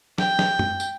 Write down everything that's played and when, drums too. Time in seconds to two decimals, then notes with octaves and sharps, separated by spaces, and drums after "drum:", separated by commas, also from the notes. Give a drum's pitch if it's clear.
0.18 G5, drum: snare
0.39 drum: snare
0.59 drum: tom F#2
0.80 drum: tambourine